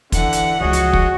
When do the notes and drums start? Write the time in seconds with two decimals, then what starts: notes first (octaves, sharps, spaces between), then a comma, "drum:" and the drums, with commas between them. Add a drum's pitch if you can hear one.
0.12 D3 E3 F#5, drum: kick, hi-hat
0.33 drum: hi-hat
0.61 C#2 F3 F#4 G#4 C#5 D#5
0.73 drum: hi-hat
0.93 drum: kick